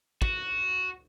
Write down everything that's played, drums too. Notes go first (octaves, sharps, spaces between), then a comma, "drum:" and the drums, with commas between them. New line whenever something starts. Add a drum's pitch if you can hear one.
F#4, drum: kick